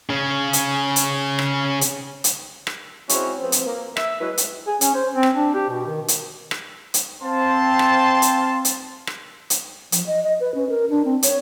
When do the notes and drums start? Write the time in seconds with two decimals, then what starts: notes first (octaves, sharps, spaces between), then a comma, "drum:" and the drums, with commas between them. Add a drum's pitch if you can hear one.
0.10 C#3 C#4
0.53 drum: hi-hat
0.96 drum: hi-hat
1.39 drum: rim click
1.81 drum: hi-hat
2.24 drum: hi-hat
2.67 drum: rim click
3.09 G#3 C4 C#4 E4 F#4, drum: hi-hat
3.41 F3 B3 C4
3.52 drum: hi-hat
3.66 A#3
3.97 E5, drum: rim click
4.21 F#3 G#3 E4 B4
4.38 drum: hi-hat
4.67 G#4
4.81 C#4, drum: hi-hat
4.95 C5
5.14 C4
5.23 drum: rim click
5.34 D4
5.54 G4
5.69 B2
5.87 D#3
6.08 drum: hi-hat
6.51 drum: rim click
6.94 drum: hi-hat
7.23 C4 F5 A5 C6
7.79 drum: rim click
8.22 drum: hi-hat
8.65 drum: hi-hat
9.07 drum: rim click
9.50 drum: hi-hat
9.92 F3, drum: hi-hat
10.07 D#5
10.23 D#5
10.40 B4
10.55 C#4
10.69 A#4
10.90 D4
11.05 C4
11.23 C#5, drum: hi-hat